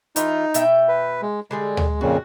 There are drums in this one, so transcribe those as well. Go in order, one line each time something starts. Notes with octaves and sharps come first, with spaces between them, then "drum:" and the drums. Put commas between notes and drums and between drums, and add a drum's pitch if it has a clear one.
E3 D#4 F4 G#4, drum: hi-hat
B2 E5 G5, drum: hi-hat
B4
G#3
D3 G3 G#3 G#4
drum: tom
F2 A#2 C#3 F#4